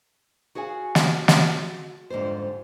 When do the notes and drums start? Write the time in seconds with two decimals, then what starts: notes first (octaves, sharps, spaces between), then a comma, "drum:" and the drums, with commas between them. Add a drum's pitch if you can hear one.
0.55 F#4 G#4 C#5 F5 G#5
0.95 drum: snare
1.28 drum: snare
2.10 F2 G#2 D3 G3 C5